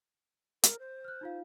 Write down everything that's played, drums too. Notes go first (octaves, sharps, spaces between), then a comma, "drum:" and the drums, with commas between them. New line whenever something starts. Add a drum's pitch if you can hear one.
A#4, drum: hi-hat
C5
F6 F#6
D#4 F4 F5